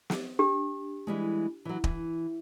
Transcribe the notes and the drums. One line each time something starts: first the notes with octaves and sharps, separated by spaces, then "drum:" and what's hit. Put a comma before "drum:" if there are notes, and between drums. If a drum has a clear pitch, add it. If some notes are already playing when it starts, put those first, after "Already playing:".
drum: snare
D4 G4
E3 G3 G#3
E3 F#3
E3, drum: kick